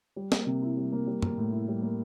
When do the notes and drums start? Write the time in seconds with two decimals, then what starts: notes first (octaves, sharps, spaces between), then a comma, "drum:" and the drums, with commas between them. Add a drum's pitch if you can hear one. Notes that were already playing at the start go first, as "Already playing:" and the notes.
0.16 G3
0.32 A#3, drum: snare
0.46 C3
0.62 E4
0.77 G3
0.92 A#3
1.07 G3
1.22 A#3, drum: tom
1.38 A2
1.53 E4
1.68 G3
1.83 A#3